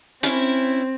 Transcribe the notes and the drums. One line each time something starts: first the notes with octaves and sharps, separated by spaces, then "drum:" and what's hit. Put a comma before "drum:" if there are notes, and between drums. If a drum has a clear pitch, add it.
C4 C#4 E4, drum: hi-hat